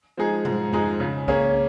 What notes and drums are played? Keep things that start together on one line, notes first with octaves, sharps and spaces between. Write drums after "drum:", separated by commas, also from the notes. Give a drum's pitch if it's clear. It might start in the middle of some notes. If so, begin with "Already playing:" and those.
F3 G#3 D#4 G#4
G#2, drum: tom
F3 G#3 D#4 G#4, drum: tom F2
C#3
A#3 C#4 G#4, drum: kick C2